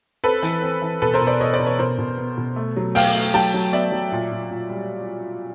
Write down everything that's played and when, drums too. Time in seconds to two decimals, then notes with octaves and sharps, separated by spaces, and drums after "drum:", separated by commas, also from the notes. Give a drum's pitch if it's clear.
0.24 C4 A4 B4
0.43 E3, drum: hi-hat
0.62 C4
0.82 E3
1.02 B2 A4 B4
1.14 A#4 C5
1.21 B2
1.27 C5 D5
1.40 B2 C#5 D#5
1.53 C5 D5
1.59 B2
1.66 B4 C#5
1.79 B2 A#4 C5
1.99 B2
2.18 B3
2.38 B2
2.56 A3
2.77 F#3
2.95 A3 F5 G5, drum: open hi-hat
3.14 A3
3.34 F#3 G5 A5
3.54 F#3
3.72 B3 D5 E5
3.92 F#3
4.12 A#2
4.32 A#2
4.50 A#2
4.70 G3